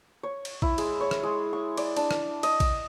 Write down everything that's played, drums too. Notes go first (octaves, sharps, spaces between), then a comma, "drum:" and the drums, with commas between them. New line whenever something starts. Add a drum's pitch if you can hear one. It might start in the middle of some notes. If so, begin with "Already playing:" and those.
C#5
drum: cymbal
E4, drum: kick A#1
G#3, drum: cymbal
C#5
drum: rim click
G#3
C#6
D5, drum: cymbal
D4, drum: cymbal
drum: rim click
D#5, drum: cymbal
drum: kick A#1, cymbal